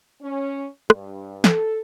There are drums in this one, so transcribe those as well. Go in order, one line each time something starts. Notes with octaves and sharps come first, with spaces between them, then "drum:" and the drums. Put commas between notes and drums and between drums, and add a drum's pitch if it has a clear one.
C#4
G2, drum: rim click
A4, drum: snare